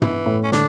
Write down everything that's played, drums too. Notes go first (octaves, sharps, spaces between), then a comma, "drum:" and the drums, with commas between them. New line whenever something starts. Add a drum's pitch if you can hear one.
E3 B3, drum: tom
A2
C#4
D3 D4, drum: snare